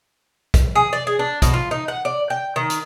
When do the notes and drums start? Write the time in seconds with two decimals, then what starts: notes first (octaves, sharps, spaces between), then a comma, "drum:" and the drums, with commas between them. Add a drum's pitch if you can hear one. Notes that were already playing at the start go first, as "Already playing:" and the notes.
0.54 drum: kick, hi-hat
0.76 G#4
0.93 D5
1.07 G#4
1.19 D4
1.42 B2, drum: kick, hi-hat
1.54 F4
1.71 D#4
1.88 F#5
2.05 D5
2.30 G5
2.56 D#3
2.70 drum: hi-hat